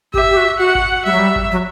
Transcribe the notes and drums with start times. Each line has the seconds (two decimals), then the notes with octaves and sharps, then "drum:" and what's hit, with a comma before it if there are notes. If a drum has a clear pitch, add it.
0.14 G4 E5, drum: kick G#1
0.31 G4
0.37 F#4
0.59 F#4 F#5
0.75 drum: kick G#1
1.05 G3 E5
1.12 F#3
1.19 G3
1.36 drum: kick G#1
1.52 F#3